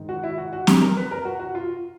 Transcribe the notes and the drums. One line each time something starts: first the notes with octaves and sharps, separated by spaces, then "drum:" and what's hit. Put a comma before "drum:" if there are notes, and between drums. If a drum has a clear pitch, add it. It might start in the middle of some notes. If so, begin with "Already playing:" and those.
Already playing: G#2 D#3
F#4
E4
F#4
F#4
G4, drum: snare C4
A#4
B4
A#4
F#4
F#4
F4